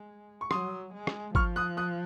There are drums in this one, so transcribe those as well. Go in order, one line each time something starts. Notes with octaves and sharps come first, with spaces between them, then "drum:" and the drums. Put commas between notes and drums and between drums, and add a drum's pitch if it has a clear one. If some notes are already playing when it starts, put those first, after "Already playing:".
Already playing: G#3
C#6
F#3 C6 D#6, drum: rim click
G#3
drum: rim click
F3 C#6 F6, drum: kick G#1
D#6 F#6
D#6 F#6